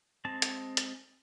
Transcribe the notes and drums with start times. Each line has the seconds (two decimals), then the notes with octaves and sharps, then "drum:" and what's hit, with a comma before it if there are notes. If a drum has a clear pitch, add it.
0.25 G#3 C4 A5
0.42 drum: hi-hat
0.77 drum: hi-hat